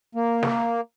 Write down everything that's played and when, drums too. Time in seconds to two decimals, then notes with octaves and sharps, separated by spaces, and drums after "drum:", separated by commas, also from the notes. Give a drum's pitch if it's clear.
0.15 A#3
0.43 drum: snare